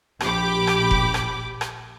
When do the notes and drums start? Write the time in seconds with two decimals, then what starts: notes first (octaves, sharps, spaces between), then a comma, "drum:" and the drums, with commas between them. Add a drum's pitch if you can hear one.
0.21 A#1 G4 B5 D6, drum: rim click
0.67 drum: rim click
0.91 drum: kick F1
1.14 drum: rim click
1.61 drum: rim click